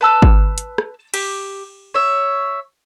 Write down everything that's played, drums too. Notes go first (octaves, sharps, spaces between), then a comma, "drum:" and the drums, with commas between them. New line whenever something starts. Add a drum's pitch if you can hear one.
B4 A5 E6 F#6
drum: kick G#1
drum: hi-hat
drum: rim click
G4, drum: cymbal
C#5 E5